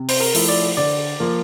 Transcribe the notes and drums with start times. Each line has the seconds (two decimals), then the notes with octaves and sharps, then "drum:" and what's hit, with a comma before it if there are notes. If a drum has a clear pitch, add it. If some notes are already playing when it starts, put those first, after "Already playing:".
Already playing: C3
0.09 C5, drum: open hi-hat
0.20 A#4
0.35 F3 A3 E4, drum: open hi-hat
0.48 D5
0.77 D3 D5
1.20 F3 A#3